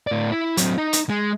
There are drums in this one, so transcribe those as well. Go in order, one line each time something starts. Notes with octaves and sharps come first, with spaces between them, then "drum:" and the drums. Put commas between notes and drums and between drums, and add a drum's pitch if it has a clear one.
A2 D5
E4
F#3 C4, drum: hi-hat
D#4
drum: hi-hat
G#3